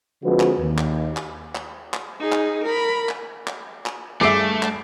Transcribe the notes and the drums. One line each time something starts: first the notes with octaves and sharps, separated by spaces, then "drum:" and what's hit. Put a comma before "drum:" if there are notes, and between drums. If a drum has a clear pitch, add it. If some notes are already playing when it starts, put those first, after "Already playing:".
D3 F3 G#3 C4 F#4 B4
drum: clap
D#2
drum: clap
drum: clap
drum: clap
drum: clap
D#4 G#4
drum: clap
A#4 B5
drum: clap
drum: clap
drum: clap
G2 A3 G#4 E5 D6 C7 D7
drum: clap